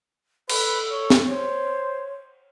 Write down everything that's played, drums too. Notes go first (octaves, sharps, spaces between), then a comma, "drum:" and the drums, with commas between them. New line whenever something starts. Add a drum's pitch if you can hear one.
A4 B4, drum: cymbal
C#5
drum: snare
C5 C#5